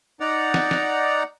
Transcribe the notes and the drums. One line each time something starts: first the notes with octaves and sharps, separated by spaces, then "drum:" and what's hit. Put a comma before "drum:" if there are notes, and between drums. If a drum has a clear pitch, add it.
D#4 D5 F#5 A#5
drum: snare
drum: snare